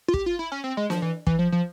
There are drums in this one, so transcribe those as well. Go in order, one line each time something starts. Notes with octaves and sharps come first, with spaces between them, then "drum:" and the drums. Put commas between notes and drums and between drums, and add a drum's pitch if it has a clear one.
F4
G4, drum: kick
F4
E4
C#4
C4
G#3
F3, drum: snare
E3
E3, drum: kick
F3
F3